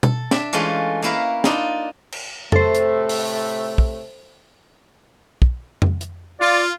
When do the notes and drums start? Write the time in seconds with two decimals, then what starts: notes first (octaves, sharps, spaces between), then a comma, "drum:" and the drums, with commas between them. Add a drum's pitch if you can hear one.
0.03 A4, drum: tom
0.31 D4 E5, drum: snare
0.53 E3 G#3 A3 C#4 F4 A4
1.02 A#3 C#4 E4 A#4 B4 F5
1.44 D4 D#4 F4, drum: snare
2.12 drum: cymbal
2.52 A2 C3 A3 A4 C5, drum: tom F2
2.75 drum: hi-hat
3.09 drum: open hi-hat
3.78 drum: kick
5.42 drum: kick
5.82 drum: tom F2
6.01 drum: hi-hat
6.40 F4 D5